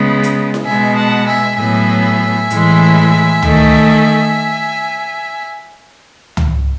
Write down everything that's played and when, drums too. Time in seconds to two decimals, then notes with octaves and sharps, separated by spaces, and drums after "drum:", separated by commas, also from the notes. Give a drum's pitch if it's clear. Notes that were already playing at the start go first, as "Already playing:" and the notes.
Already playing: C#3 G#3 B3
0.23 drum: hi-hat
0.54 drum: snare E4
0.65 B2 G#3 B3 E5 G#5
0.96 F#5 A5
1.27 E5 G#5
1.57 A2 F#3 B3 E5 G#5
2.50 A2 E3 G#3, drum: hi-hat
3.42 D#3 A3, drum: tom C#2
6.37 drum: tom C#2